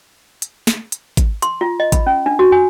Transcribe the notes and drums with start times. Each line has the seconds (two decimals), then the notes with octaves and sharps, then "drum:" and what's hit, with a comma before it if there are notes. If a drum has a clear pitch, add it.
0.42 drum: hi-hat
0.67 drum: snare
0.92 drum: hi-hat
1.17 drum: kick G#1, hi-hat
1.42 C6, drum: hi-hat
1.61 F4
1.80 D#5
1.92 B5, drum: kick G#1, hi-hat
2.06 C#4
2.26 D4
2.39 F#4
2.52 G#5